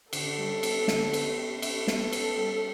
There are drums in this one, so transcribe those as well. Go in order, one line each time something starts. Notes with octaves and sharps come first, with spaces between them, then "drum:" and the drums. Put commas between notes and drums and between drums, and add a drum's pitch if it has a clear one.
D3 A4, drum: cymbal
G3
B3, drum: cymbal
D3, drum: snare
B3, drum: cymbal
G4
A4 E5, drum: cymbal
B3, drum: snare
B4, drum: cymbal
G3